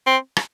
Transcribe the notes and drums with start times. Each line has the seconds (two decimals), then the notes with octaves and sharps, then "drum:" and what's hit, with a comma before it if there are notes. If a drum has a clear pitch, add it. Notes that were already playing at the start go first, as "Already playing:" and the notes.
0.07 C4
0.37 drum: rim click